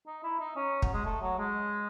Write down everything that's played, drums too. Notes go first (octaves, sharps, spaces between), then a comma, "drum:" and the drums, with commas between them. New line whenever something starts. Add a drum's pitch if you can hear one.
D#4
E4
D#4
C#4
F#3, drum: kick
G#3
A3
F#3
G#3